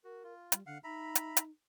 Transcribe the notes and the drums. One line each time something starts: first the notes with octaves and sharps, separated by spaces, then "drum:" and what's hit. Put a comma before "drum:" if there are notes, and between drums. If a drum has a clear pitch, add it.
F#4 A#4
F4
G3, drum: hi-hat
D3 F5 F#5
D#4 E5 A#5 B5
drum: hi-hat
drum: hi-hat